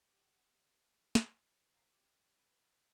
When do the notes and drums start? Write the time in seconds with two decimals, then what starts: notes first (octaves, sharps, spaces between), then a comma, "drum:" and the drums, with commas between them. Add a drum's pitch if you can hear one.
0.08 G4 F#5
1.15 drum: snare
1.75 G1 G#2 C#3 A#4 B6 C7
1.93 G4
2.39 B4